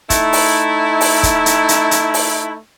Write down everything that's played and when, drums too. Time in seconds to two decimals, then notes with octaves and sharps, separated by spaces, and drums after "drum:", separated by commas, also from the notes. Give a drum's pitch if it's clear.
0.10 A3 D#4 E4, drum: kick, hi-hat
0.33 drum: open hi-hat
1.01 drum: open hi-hat
1.23 drum: kick, hi-hat
1.46 drum: hi-hat
1.69 drum: hi-hat
1.91 drum: hi-hat
2.14 drum: open hi-hat